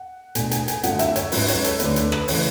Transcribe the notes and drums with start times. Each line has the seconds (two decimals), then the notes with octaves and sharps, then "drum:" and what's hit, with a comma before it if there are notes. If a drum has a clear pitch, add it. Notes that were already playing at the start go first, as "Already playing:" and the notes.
Already playing: F#5
0.35 B2 A3 D4 G#5, drum: hi-hat
0.51 G#5, drum: hi-hat
0.68 G#5, drum: hi-hat
0.83 F#2 D3 F#3 A3 F#5, drum: hi-hat
0.99 E5, drum: hi-hat
1.16 C#5, drum: hi-hat
1.32 G#2 F#3 C#4 B4, drum: open hi-hat
1.48 C#5, drum: hi-hat
1.64 A4, drum: hi-hat
1.80 D2 D3 A3 D4 B4, drum: hi-hat
1.96 B4, drum: hi-hat
2.12 B4, drum: rim click
2.28 C#3 E3 A3 C#5, drum: open hi-hat